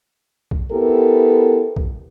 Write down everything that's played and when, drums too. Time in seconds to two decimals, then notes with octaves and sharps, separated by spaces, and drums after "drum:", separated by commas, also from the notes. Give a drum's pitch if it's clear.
0.51 drum: kick
0.72 B3 E4 G4 A4 A#4
1.76 drum: kick